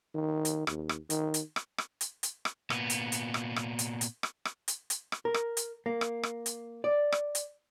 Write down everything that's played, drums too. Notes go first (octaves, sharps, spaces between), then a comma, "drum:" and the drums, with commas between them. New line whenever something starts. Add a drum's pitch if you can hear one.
D#3
drum: hi-hat
D#2, drum: rim click
drum: rim click
D#3, drum: hi-hat
drum: hi-hat
drum: rim click
drum: rim click
drum: hi-hat
drum: hi-hat
drum: rim click
A#2 B3, drum: rim click
drum: hi-hat
drum: hi-hat
drum: rim click
drum: rim click
drum: hi-hat
drum: hi-hat
drum: rim click
drum: rim click
drum: hi-hat
drum: hi-hat
drum: rim click
A#4
drum: rim click
drum: hi-hat
A#3
drum: rim click
drum: rim click
drum: hi-hat
D5
drum: rim click
drum: hi-hat